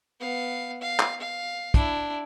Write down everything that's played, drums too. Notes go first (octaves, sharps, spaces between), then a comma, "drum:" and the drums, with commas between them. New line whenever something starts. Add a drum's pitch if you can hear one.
B3 F5
F5
drum: clap
F5
D4 E4, drum: kick, hi-hat